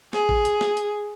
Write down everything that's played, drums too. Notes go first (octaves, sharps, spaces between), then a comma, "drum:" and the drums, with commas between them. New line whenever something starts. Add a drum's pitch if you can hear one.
G#4, drum: snare
drum: kick
drum: hi-hat
drum: snare
drum: hi-hat